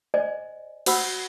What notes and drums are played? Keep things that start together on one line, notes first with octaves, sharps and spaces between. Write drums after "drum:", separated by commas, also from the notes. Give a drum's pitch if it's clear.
C5 D5 D#5 G#5
F#4 C5 F#5 B5 E6, drum: cymbal